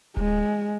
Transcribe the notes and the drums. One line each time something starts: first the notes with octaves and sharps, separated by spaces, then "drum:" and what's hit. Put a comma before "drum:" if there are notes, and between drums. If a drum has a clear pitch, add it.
G#3, drum: kick D1